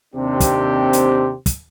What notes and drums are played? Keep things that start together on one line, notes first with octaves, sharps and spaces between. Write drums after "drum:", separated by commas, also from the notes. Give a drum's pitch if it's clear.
D#2 C3 C4 D4 G4 C5
drum: kick, hi-hat
drum: hi-hat
drum: kick, hi-hat